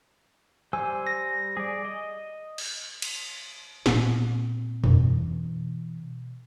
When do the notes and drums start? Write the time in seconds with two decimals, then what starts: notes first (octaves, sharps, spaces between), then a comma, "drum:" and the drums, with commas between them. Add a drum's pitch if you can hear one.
0.73 G3 C5 G#5 E6
1.07 A#6
1.57 G#4 D5
1.85 D#5
2.58 drum: cymbal
3.02 drum: cymbal
3.86 A#2 C4, drum: snare
4.84 B2 E3, drum: tom